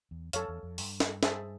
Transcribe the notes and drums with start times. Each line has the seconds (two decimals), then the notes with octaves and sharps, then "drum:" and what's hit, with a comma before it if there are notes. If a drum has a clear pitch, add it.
0.11 E2
0.33 F2 A4 C#5 F5, drum: hi-hat
0.48 E2
0.63 F2
0.78 G2, drum: open hi-hat
1.00 drum: snare
1.23 G#4 C5 E5 A5, drum: snare